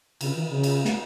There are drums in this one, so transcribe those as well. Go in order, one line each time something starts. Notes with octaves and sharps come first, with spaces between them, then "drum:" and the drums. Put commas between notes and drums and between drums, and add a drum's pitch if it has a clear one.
C#3, drum: cymbal
E3
C#3
drum: cymbal
drum: snare